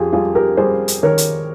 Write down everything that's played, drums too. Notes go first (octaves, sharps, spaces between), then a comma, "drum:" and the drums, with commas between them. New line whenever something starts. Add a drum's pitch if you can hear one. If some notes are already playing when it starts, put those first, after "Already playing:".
Already playing: F2 F4 G4 G#4
G3 F4 G#4
G4 A#4
G3 G#4 C5
drum: hi-hat
D#3 A#4 C#5
drum: hi-hat